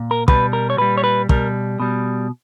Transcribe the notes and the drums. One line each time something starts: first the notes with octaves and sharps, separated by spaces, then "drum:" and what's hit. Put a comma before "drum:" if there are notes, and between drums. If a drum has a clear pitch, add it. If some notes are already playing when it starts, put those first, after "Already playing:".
Already playing: A#2
A#4
B2 G3 B4, drum: kick
A#4
C#5
A#2 G3 B4
C#5
B4
B2 G3 A#4, drum: kick
B2 G3